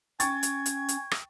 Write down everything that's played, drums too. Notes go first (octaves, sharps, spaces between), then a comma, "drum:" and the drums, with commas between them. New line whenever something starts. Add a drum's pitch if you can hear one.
C#4 G5 C#6 G#6 A6, drum: hi-hat
drum: hi-hat
drum: hi-hat
drum: hi-hat
drum: rim click